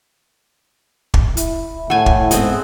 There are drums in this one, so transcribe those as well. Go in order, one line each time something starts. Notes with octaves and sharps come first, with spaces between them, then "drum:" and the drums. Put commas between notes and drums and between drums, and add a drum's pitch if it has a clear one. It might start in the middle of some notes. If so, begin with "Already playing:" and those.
drum: kick
E4, drum: hi-hat
A2 A3 F#5 G#5
drum: kick
G#2 G#3 B3 C4, drum: hi-hat